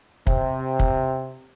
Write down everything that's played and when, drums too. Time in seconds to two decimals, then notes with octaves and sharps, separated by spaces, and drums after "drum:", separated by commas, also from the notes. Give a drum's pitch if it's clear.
0.27 C3, drum: kick
0.79 drum: kick